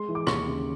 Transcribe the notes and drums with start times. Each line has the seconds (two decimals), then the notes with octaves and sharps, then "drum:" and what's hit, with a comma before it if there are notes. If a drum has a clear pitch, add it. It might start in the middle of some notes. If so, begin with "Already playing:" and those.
Already playing: G#3 C6
0.08 E3
0.15 D6
0.27 D#2 C#6, drum: rim click
0.47 C#3